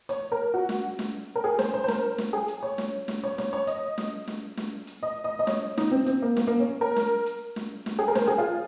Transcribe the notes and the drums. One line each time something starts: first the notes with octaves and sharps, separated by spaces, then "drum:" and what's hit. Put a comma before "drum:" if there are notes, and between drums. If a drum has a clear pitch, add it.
C#5, drum: hi-hat
A#4
F#4
drum: snare
drum: snare
A#4
G#4
C5, drum: snare
C5
C5
A#4, drum: snare
drum: snare
G#4
drum: hi-hat
C#5
drum: snare
drum: snare
C#5
C#5, drum: snare
C#5
D#5, drum: hi-hat
drum: snare
drum: snare
drum: snare
drum: hi-hat
D#5
D#5
D#5
C#5, drum: snare
D#4, drum: snare
C4
C4, drum: hi-hat
A#3
A#3, drum: snare
A#3
C#4
A#4
drum: snare
drum: hi-hat
drum: snare
drum: snare
G#4
A#4
C5, drum: snare
G#4
F4